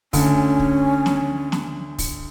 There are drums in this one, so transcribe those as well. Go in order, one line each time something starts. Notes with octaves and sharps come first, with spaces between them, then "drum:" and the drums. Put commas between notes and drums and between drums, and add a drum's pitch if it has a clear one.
D2 C#4, drum: kick, open hi-hat
drum: kick
drum: snare
drum: snare
drum: kick, open hi-hat